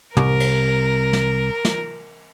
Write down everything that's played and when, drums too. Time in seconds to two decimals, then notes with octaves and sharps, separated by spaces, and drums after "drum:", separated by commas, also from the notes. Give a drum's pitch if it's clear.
0.17 C2 A#4, drum: tom
0.40 drum: cymbal
1.13 drum: snare
1.65 drum: snare